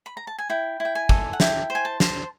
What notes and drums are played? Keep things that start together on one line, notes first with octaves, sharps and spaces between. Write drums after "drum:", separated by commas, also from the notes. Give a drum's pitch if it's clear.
B5
A#5
A5
G#5
E4 G5
E4
G5
G#5
A4, drum: kick
F#5
E4 G5, drum: snare
C5
G#5
A5
C5, drum: snare